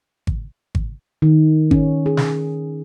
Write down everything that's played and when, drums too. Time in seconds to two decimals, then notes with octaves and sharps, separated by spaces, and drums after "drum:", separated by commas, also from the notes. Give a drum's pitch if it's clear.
0.27 drum: kick G#1
0.75 drum: kick G#1
1.22 D#3
1.71 C#4, drum: kick G#1
2.06 G#4
2.17 drum: snare